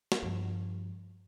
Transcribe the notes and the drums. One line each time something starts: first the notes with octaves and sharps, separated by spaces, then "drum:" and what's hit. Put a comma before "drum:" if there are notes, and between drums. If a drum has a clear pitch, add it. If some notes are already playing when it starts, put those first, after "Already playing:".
drum: snare
G2 F3